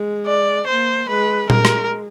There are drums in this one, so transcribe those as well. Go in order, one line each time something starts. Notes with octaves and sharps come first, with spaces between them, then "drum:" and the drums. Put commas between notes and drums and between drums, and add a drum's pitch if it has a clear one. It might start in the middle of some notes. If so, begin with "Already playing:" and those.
Already playing: G#3
D5
A#3 C5
G#3 B4
G#3 A#4, drum: tom A#2
drum: rim click